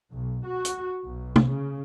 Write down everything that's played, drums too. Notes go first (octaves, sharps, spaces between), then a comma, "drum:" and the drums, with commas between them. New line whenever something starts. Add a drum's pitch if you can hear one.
B1
F#4
drum: hi-hat
B1
drum: tom
C#3